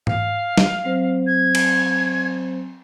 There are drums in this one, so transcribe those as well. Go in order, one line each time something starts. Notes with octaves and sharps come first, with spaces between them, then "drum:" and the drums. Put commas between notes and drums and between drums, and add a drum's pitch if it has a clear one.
F5, drum: tom G#2
drum: snare
F#3 C4 C5
G#6
drum: cymbal